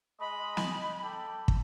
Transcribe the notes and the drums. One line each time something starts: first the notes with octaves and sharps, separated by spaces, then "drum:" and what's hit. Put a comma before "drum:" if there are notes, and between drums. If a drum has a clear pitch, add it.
G#3 D#5 B5
drum: snare
A4 G5 D6
drum: kick